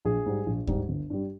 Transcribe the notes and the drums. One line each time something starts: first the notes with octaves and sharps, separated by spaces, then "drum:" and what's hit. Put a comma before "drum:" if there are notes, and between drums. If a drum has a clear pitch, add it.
A#1 G#4
G#2 G3
A#1
G#2 G3, drum: kick D2
G1
G2 G3